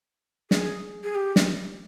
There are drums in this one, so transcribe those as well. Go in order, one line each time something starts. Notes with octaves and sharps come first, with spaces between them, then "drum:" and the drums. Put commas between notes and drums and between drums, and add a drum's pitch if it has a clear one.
G#4, drum: snare
G#4
G4
drum: snare